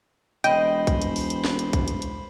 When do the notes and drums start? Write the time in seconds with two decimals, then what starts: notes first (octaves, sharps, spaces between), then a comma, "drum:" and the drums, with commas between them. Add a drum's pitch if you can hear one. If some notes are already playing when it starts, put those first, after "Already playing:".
0.44 E1 C5 D#5 G5 B5, drum: hi-hat
0.87 drum: kick, hi-hat
1.02 drum: hi-hat
1.16 drum: open hi-hat
1.30 drum: hi-hat
1.45 drum: snare
1.59 drum: hi-hat
1.73 drum: kick, hi-hat
1.88 drum: hi-hat
2.02 drum: hi-hat